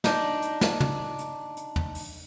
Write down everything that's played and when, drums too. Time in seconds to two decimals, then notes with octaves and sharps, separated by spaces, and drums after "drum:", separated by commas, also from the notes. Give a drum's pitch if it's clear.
0.04 D4 D#4, drum: snare
0.42 drum: hi-hat
0.61 drum: snare
0.80 drum: tom
1.19 drum: hi-hat
1.57 drum: hi-hat
1.76 drum: tom
1.95 drum: open hi-hat